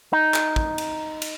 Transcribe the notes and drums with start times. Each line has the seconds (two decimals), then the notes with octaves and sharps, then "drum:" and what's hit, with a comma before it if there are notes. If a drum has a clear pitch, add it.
0.13 D#4
0.34 drum: clap
0.56 drum: kick
0.78 drum: cymbal
1.22 drum: cymbal